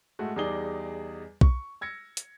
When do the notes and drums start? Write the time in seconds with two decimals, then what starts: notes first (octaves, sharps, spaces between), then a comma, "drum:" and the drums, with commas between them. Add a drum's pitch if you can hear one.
0.19 A2 G#3 A3 F#4
0.36 E2 G3 D#4 G#4 D5 G7
1.41 C#6, drum: kick
1.81 E6 G#6 A#6 C#7
2.17 drum: hi-hat